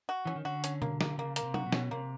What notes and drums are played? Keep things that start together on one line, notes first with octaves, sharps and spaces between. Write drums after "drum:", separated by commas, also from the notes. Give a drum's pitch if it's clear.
F#4
E3 C#4
D#3
D3 F#4
C#4, drum: hi-hat
A#3, drum: tom B2
A#3, drum: snare
C#3 A#3
A#3, drum: hi-hat
C3
F#4, drum: tom F#3
B2
C#4, drum: snare
C3 A#3